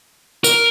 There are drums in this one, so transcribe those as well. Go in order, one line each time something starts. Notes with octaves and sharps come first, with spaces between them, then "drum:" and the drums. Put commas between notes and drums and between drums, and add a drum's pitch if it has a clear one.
A#4, drum: tambourine